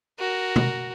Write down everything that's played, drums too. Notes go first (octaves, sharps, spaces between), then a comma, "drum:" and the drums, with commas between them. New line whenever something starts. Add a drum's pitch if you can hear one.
F#4 A#4
drum: tom B2